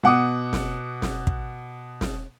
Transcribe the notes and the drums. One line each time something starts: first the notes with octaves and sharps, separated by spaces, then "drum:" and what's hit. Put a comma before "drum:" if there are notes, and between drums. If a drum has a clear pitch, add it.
B2 F#5 D6 D#6
drum: snare
drum: snare
drum: kick
drum: snare